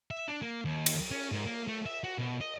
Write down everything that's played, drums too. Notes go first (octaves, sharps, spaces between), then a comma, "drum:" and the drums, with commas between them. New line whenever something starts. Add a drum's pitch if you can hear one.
E5
D4
A#3
D#2
drum: cymbal
C#4
G#2
A#3
A3
E5
F#4
B2
D#5